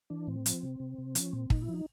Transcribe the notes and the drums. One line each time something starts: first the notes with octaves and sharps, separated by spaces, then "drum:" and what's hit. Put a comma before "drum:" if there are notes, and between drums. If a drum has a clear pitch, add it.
E3 D4
A2 C4
F3, drum: hi-hat
C3
C3
C3
F3 C#4, drum: hi-hat
A#2 C4
A#2 D#4, drum: kick
E4
F3
D#4